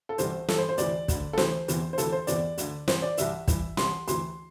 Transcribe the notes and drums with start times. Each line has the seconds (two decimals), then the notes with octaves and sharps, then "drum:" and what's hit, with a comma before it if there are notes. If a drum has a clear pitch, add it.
0.09 A4
0.18 C2 C3 E3 C5, drum: hi-hat
0.48 G2 E3 A4, drum: snare
0.58 C5
0.69 C5
0.78 D2 C3 E3 D5, drum: hi-hat
1.08 D2 D3, drum: kick, hi-hat
1.33 A4
1.38 D2 C3 E3 C5, drum: snare
1.68 E2 C3 E3, drum: hi-hat
1.93 C5
1.98 D2 C3 E3 A4, drum: hi-hat
2.12 C5
2.27 E2 C3 E3 D5, drum: hi-hat
2.58 D2 D3, drum: hi-hat
2.88 C2 C3 E3 C5, drum: snare
3.02 D5
3.17 C2 C3 E3 E5, drum: hi-hat
3.48 G2 E3, drum: kick, hi-hat
3.77 C2 C3 E3 C6, drum: snare
4.07 D2 C3 E3 C6, drum: hi-hat